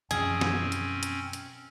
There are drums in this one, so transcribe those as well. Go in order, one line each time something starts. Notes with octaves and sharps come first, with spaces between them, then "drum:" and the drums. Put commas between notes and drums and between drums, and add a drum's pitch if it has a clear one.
F#2 B2 F3 C4 C#4 G#4, drum: hi-hat
drum: snare
drum: hi-hat
drum: hi-hat
drum: hi-hat